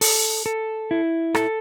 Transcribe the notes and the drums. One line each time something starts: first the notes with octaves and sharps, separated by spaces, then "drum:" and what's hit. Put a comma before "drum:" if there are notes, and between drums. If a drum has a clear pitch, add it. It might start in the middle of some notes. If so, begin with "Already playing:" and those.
A4, drum: open hi-hat
A4
E4
A4, drum: rim click